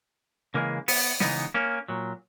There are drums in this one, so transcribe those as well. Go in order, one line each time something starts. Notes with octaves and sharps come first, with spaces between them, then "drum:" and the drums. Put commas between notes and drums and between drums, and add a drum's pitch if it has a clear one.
C#3 E3 G#3 A#3
B3, drum: open hi-hat
C#3 E3 G#3 B3 D#4, drum: snare
A#3 C#4
A#2 F#3